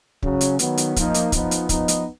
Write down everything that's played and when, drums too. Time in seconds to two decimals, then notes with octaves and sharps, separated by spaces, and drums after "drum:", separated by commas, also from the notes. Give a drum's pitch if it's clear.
0.23 C#3 F#3 C#4, drum: kick
0.41 drum: hi-hat
0.59 D#3 F#3 B3, drum: hi-hat
0.77 drum: hi-hat
0.96 F3 A#3 D#4, drum: kick, hi-hat
1.14 drum: hi-hat
1.32 F3 B3 D#4, drum: kick, hi-hat
1.51 drum: hi-hat
1.69 F3 B3 D#4, drum: kick, hi-hat
1.88 drum: hi-hat